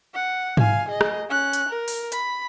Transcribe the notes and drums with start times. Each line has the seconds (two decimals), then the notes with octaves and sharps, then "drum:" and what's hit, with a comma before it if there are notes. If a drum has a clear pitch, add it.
0.14 F#5
0.57 F5 G#5, drum: tom G#2
0.89 G#4 D#5
1.01 drum: rim click
1.29 C#4 F#6
1.53 drum: hi-hat
1.69 A#4
1.88 drum: open hi-hat
2.12 B5, drum: hi-hat